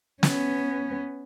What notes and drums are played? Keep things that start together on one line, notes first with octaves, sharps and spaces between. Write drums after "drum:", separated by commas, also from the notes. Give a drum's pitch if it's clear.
B3 C#4, drum: snare